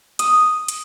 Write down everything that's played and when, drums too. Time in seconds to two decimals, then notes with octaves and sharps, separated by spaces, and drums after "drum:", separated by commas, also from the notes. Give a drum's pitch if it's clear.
0.19 D#6, drum: hi-hat
0.68 drum: hi-hat